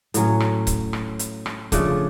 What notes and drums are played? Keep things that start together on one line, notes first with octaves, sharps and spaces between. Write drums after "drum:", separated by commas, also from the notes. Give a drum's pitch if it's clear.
A2 F#3 C#4, drum: hi-hat
drum: rim click
drum: kick C#1, hi-hat
drum: rim click
drum: hi-hat
drum: rim click
C#3 F3 A3 D4, drum: kick C#1, hi-hat